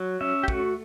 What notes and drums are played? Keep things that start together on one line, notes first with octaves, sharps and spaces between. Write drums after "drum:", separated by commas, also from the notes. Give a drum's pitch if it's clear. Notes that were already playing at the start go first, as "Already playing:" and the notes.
Already playing: F#3
C#4 E5
G4
A3 F#4, drum: kick